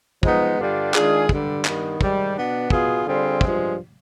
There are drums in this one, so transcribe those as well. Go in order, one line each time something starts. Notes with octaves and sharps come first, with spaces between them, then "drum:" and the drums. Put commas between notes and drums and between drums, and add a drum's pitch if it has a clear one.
F3 G#3 B3 D#4, drum: kick
G2 D3 G3 D4 F4
D#3 G#3 D4 F4 G#4, drum: clap
G2 D3 G3, drum: kick
G2 D#3 B3, drum: clap
G#2 D#3 G3, drum: kick
B2 B3 D4
B2 B3 F4 G#4, drum: kick
D3 G3 C4 F4 G#4
G2 F3 G#3, drum: kick